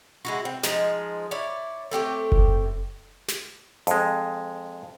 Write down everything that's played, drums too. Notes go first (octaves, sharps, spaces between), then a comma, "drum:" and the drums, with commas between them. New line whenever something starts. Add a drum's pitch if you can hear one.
G#3 E4 F#4
C4
F3 G#3 D#4, drum: snare
E4 C#5 D5
A3 C4 G4 C#5
drum: kick F#1
drum: snare
F2 G#3, drum: hi-hat